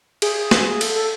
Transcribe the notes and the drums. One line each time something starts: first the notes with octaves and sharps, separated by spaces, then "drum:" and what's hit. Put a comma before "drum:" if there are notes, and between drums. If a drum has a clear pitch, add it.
G#4, drum: cymbal
drum: snare
A4, drum: cymbal
A4